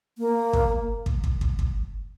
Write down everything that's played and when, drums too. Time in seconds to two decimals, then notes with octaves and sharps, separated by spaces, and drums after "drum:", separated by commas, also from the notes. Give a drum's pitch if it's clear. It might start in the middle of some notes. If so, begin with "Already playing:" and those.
0.18 A#3
0.53 drum: kick
1.06 drum: kick
1.24 drum: kick
1.41 drum: kick
1.59 drum: kick